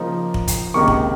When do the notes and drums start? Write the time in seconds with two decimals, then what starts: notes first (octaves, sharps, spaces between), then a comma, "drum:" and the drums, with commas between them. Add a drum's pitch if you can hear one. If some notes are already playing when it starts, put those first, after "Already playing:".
Already playing: C#3 F3 A#3 D#4
0.34 drum: kick
0.48 drum: kick, hi-hat
0.74 C#2 C3 D#3 A#3 C#6
0.88 drum: kick